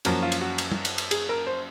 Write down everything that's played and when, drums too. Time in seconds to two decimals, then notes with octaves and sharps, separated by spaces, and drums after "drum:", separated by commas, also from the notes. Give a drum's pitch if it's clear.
0.05 F#2 F3 A#3 C#4 F#4, drum: cymbal
0.23 F4
0.32 drum: cymbal
0.41 F#4
0.58 drum: cymbal
0.72 drum: tom
0.85 drum: cymbal
0.98 drum: cymbal
1.11 G#4, drum: cymbal
1.29 A#4
1.47 C5